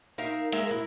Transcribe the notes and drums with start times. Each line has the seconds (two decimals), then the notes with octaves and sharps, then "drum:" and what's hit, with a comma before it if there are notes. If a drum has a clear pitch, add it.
0.18 D#4 A#4 E5 F5
0.52 G#3 A#4 E5, drum: hi-hat
0.71 E4